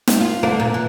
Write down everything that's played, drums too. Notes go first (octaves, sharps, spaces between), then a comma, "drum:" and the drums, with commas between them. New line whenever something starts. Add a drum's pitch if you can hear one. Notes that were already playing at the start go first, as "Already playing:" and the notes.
drum: snare
F4
D3 A3 A#3
A#2
E3